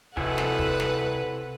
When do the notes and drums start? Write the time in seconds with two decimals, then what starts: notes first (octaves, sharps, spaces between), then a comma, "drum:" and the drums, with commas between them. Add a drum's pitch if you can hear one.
0.17 C3 E4 A4 B4 F#5 G#5, drum: kick
0.38 drum: snare
0.59 drum: kick
0.80 drum: snare